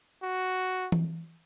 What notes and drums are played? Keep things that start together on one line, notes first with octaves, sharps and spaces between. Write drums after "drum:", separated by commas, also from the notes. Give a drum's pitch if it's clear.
F#4
drum: tom E3